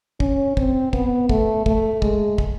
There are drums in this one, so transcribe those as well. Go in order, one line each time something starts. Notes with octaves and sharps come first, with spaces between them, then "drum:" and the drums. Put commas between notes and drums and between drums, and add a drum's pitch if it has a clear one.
C#4, drum: kick
C4, drum: kick
B3, drum: kick
A3, drum: kick
A3, drum: kick
G#3, drum: kick
drum: kick